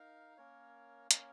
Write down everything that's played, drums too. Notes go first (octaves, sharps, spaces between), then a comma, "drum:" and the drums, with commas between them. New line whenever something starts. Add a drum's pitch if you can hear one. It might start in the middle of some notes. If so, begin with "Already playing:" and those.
Already playing: D#4 A#4 F5
A#3 C#4 A#4 C#5
A#3 C#4 A#4 C#5, drum: hi-hat